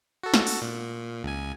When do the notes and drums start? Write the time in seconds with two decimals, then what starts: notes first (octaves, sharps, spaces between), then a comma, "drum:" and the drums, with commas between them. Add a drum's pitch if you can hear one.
0.24 F#4 A4
0.34 drum: snare
0.47 drum: open hi-hat
0.62 A#2
1.24 C#2 G#5